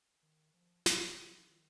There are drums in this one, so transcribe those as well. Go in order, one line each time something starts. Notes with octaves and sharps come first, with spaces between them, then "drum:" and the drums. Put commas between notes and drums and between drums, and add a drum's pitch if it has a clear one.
D#3
F3
F3, drum: snare
D#3